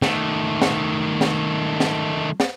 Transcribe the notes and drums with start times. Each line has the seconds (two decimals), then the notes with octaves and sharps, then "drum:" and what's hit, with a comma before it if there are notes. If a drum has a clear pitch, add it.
0.02 D#3 A3, drum: snare
0.62 drum: snare
1.21 drum: snare
1.80 drum: snare
2.40 drum: snare